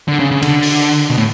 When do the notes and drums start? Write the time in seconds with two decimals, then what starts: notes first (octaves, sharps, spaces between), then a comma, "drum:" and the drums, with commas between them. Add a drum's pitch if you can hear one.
0.08 D3
0.19 C#3
0.31 C#3
0.42 D3, drum: cymbal
0.63 drum: open hi-hat
1.10 B2
1.17 A2